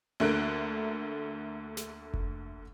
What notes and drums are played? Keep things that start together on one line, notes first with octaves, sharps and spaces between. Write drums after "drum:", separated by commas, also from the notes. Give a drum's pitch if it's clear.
D2 D3 A3 A#3 F#6 D7
drum: snare
drum: kick F1